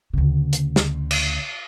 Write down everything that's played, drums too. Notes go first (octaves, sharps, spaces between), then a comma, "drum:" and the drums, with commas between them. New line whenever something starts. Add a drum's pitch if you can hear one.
D2 C#3
drum: hi-hat
drum: snare
drum: cymbal